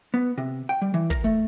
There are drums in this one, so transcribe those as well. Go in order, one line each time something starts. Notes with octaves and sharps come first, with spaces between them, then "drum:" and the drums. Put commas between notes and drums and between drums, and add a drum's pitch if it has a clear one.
B3
C3
G5
G3
E3
A#4, drum: kick, hi-hat
A3